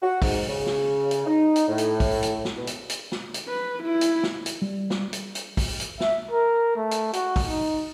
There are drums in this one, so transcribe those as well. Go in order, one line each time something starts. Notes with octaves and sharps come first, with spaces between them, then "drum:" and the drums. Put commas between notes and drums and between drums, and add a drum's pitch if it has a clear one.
F#4
G#2, drum: kick, open hi-hat
C#3
drum: snare
drum: hi-hat
D#4
drum: hi-hat
A2
drum: hi-hat
drum: kick, open hi-hat
drum: hi-hat
drum: snare
B2
drum: hi-hat
drum: hi-hat
drum: snare
drum: hi-hat
B4
E4
drum: hi-hat
drum: snare
drum: hi-hat
G3
drum: snare
drum: hi-hat
drum: hi-hat
drum: kick, open hi-hat
drum: hi-hat
E5, drum: snare
A#4
A3
drum: hi-hat
F#4, drum: hi-hat
drum: kick, open hi-hat
D#4